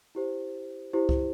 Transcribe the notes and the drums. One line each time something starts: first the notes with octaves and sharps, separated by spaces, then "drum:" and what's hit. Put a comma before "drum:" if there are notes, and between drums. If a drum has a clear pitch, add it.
E4 G4 C5
E4 G4 C5
drum: kick C2